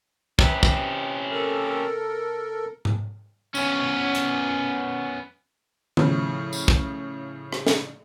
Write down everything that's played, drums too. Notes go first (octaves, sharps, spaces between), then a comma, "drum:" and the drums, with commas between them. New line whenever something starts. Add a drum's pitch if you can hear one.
C3 C#4 G4 B4, drum: kick
drum: kick
A4 A#4
drum: tom G#2
B3 C#4, drum: tambourine
drum: hi-hat
A2 C#3 F3, drum: tom D#3
drum: tambourine
drum: kick
drum: rim click
drum: snare